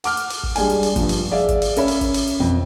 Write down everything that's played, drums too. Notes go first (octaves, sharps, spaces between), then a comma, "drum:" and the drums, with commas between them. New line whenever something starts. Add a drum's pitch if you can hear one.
F#5 D6 F6, drum: open hi-hat
drum: hi-hat
drum: open hi-hat
drum: kick
G3 G#3 D4 G#5, drum: open hi-hat
drum: hi-hat
drum: open hi-hat
G2 F3, drum: kick, hi-hat
drum: open hi-hat
G#4 D5 E5 F5
drum: kick, hi-hat
drum: open hi-hat
C#4 A#4 C#5 E5 B5, drum: hi-hat
drum: open hi-hat
drum: kick, hi-hat
drum: open hi-hat
drum: hi-hat
F2